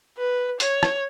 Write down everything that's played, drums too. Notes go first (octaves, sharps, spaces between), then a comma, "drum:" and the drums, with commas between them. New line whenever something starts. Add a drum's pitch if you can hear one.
B4
C#5, drum: hi-hat
drum: rim click